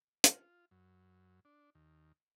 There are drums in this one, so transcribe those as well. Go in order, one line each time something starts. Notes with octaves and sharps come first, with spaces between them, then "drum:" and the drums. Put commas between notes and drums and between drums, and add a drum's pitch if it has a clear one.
F4, drum: hi-hat
F#2
D4
D#2